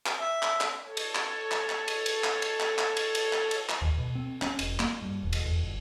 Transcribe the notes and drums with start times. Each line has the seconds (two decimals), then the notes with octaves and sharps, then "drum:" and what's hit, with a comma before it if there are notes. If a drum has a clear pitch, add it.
0.06 drum: clap
0.20 E5
0.43 drum: clap
0.61 drum: clap
0.86 A4 C#5
0.97 drum: cymbal
1.15 drum: clap
1.51 drum: clap
1.70 drum: clap
1.88 drum: cymbal
2.06 drum: cymbal
2.24 drum: clap
2.42 drum: cymbal
2.60 drum: clap
2.78 drum: clap
2.97 drum: cymbal
3.15 drum: cymbal
3.33 drum: clap
3.51 drum: cymbal
3.69 drum: clap
3.82 D#2
3.98 B2
4.15 C4
4.42 C#4, drum: clap
4.59 F1, drum: cymbal
4.80 A#3, drum: clap
5.02 G2
5.23 E1
5.33 drum: cymbal
5.45 E2
5.63 G1